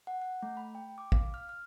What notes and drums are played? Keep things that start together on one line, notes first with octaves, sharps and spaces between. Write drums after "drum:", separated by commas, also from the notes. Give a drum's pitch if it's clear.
F#5
F#5
A3
B5
G5
D6
F5, drum: kick
F6
F6